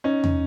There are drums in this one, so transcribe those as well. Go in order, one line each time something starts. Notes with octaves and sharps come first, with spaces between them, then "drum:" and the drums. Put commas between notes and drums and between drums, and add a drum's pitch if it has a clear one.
C#4 D#4
drum: tom E2